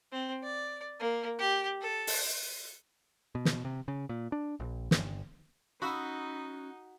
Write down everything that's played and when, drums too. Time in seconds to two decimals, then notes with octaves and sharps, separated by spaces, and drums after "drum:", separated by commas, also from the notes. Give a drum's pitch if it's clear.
0.12 C4
0.43 D5
1.00 A#3
1.38 G4
1.81 A4
2.07 drum: open hi-hat
3.35 B2
3.45 drum: snare
3.65 C3
3.88 C#3
4.09 A#2
4.32 D4
4.60 A#1
4.91 G1, drum: snare
5.82 C#4 D#4 F#4 B5 D#6 E6